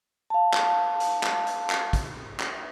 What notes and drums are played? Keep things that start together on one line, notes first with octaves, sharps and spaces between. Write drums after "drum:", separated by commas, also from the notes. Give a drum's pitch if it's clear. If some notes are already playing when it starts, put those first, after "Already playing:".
F5 A5
drum: clap
drum: hi-hat
drum: clap
drum: hi-hat
drum: clap
drum: kick, hi-hat
drum: clap